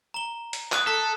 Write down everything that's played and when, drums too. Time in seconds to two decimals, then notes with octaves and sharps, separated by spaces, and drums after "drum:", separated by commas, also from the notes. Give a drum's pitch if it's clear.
0.14 A#5 G7
0.53 drum: hi-hat
0.72 D#6 F#6 D#7, drum: clap
0.87 A4 B6